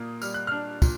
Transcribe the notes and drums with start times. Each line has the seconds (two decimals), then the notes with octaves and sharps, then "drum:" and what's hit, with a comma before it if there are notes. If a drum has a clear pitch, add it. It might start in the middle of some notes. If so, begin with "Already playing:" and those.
Already playing: A#2 A#3 D#6
0.22 G3 F6, drum: tambourine
0.34 F#6
0.47 D4 F6
0.82 A#2, drum: kick, tambourine